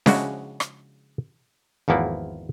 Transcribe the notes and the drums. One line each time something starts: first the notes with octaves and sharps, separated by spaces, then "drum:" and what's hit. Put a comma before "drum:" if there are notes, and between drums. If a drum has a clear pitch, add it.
C#3 F3 G#3 D4 E4 F#4, drum: snare C#4
drum: rim click
G#1 E2 F3 A#3 E4 F#5